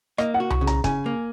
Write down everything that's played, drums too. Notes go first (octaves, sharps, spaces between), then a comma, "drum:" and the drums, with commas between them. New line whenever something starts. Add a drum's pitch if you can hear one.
A#3 D#5, drum: rim click
F#5
F#4
C#6, drum: tom C2
C#3
A#5, drum: hi-hat
C#3 G#5, drum: kick, hi-hat
A#3